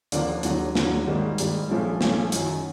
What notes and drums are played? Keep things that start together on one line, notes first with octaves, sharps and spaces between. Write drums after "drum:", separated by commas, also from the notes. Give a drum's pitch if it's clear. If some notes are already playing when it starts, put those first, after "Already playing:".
D#2 D3 F3 A#3 D4, drum: hi-hat
D#2 D3 F#3, drum: hi-hat
D#2 D3 F#3, drum: snare
G#2 D#3 G3 A#3
G#2 D#3 G3 A#3, drum: hi-hat
A#1 A#2 F3 A3 C#4
A#1 A#2 F3 A3 C#4, drum: snare
F#2 D#3 F#3, drum: hi-hat